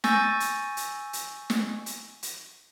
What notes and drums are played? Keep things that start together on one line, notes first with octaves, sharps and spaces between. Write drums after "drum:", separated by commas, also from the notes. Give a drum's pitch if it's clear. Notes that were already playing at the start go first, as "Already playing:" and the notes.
G#5 C#6 E6 G6 A6 A#6, drum: snare
drum: hi-hat
drum: hi-hat
drum: hi-hat
drum: snare
drum: hi-hat
drum: hi-hat